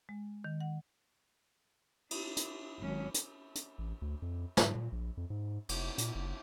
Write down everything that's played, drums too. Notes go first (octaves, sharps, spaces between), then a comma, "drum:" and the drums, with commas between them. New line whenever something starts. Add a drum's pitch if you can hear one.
G#3
D#3
F#5
D4, drum: cymbal
drum: hi-hat
G#1 F#3 C#4
drum: hi-hat
drum: hi-hat
A1
D2
F2
G#2, drum: snare
A#2
A#1
F2
G#2
F1, drum: cymbal
A#2, drum: hi-hat
F#1